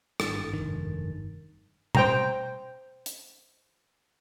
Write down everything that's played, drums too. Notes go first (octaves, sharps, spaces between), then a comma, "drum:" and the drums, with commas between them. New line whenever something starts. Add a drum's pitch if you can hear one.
G#1 G2 A6, drum: rim click
F1 D#3
C5 G5 A#5, drum: tom B2
drum: hi-hat